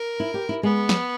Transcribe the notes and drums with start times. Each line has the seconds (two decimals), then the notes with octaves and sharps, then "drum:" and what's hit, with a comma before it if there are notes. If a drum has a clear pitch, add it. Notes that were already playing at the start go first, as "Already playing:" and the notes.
Already playing: A#4
0.20 E4
0.34 G4
0.49 E4
0.63 G#3 B3
0.89 drum: snare